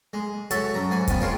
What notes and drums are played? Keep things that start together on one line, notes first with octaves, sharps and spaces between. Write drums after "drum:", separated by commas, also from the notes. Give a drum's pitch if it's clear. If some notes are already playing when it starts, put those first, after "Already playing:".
G#3
F#4 A4 C#5 E5 A5, drum: hi-hat
F#2 A#5
G#2 F#5 G#5
D#3 B3 F4, drum: kick, hi-hat
G#3 C4 F4 A#4 C#5 F5